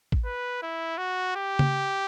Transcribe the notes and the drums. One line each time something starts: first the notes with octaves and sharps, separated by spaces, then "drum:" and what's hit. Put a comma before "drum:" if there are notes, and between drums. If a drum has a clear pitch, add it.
drum: kick
B4
E4
F#4
G4
drum: tom C#3